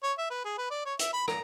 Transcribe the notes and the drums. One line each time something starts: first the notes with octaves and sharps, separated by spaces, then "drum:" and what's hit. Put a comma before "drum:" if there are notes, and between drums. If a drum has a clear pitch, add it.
C#5
E5
B4
G#4
B4
D5
C#5
E5, drum: hi-hat
B5
A#5, drum: rim click